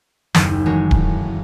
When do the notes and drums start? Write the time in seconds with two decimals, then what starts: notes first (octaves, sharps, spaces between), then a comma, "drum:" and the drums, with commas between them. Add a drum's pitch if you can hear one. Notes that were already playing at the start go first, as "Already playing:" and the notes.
0.35 F#1 D#2, drum: snare
0.66 E3 G#3 A3 F#4 A#4 C#5
0.91 drum: kick D1